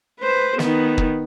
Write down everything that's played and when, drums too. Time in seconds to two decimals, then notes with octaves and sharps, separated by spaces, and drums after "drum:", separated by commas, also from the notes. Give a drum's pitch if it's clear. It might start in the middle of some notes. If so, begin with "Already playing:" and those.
0.20 B4 C5
0.59 D#3 B3, drum: snare
0.98 drum: kick